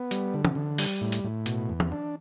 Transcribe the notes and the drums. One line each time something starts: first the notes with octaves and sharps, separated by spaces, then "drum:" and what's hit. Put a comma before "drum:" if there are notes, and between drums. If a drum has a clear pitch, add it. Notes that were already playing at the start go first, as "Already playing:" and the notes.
Already playing: B3
G3, drum: hi-hat
D3
drum: tom
D3
G3, drum: open hi-hat
A2
drum: hi-hat
A2
B2, drum: hi-hat
E2
drum: tom
D4